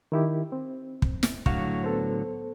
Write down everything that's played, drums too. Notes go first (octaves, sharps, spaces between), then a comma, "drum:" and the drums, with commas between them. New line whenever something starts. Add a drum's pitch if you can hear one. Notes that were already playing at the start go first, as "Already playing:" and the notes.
D#3 E4 G4
C4
drum: kick
drum: snare
A2 D3 F#3 F5 F#5 C#6, drum: kick
B3 A4 C5